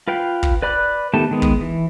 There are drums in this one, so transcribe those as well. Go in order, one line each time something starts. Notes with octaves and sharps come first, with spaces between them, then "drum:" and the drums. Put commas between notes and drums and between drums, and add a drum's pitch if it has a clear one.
F4 B4 F5 G5
drum: kick
B4 D5 B5 D6 F#6
D#3 A3 B3 G4 A5
D#3 G#3 B3
drum: kick
E3